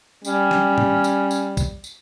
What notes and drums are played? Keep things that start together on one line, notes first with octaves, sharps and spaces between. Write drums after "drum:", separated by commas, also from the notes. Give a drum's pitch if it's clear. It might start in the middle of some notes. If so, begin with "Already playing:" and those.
G3 C#4, drum: tambourine
drum: snare
drum: tom G#2
drum: tambourine
drum: tambourine
drum: kick, tambourine
drum: tambourine